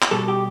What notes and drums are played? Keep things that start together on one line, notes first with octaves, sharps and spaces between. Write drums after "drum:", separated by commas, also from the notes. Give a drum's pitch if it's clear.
drum: clap
B2 G3 A4
G4